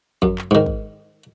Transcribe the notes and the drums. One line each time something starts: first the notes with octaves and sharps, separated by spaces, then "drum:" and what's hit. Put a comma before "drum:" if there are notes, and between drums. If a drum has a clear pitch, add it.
F#2, drum: kick
drum: clap
G#2 D#3
drum: kick